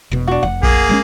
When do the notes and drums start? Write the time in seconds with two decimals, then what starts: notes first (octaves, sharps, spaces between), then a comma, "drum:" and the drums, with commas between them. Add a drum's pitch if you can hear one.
0.11 E1 B2
0.28 D4 F#4
0.43 F1 F#5
0.63 A#3 G#4, drum: kick A#1
0.89 G2 G#3 C#4